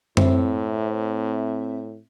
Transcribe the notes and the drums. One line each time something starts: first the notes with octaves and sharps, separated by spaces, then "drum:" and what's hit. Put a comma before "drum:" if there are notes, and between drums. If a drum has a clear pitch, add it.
A2 C4 C5 E5, drum: tom F#2